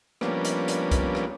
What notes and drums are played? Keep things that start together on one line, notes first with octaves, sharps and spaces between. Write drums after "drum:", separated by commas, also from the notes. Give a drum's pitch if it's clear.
F3 G3 A#3 B3 C#4 D4, drum: rim click
drum: hi-hat
drum: hi-hat
drum: kick, hi-hat
drum: rim click